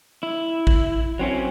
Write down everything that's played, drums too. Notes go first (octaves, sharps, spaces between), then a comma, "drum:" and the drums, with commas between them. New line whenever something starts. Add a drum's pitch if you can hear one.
E4
drum: kick A1
F#3 C4 C#4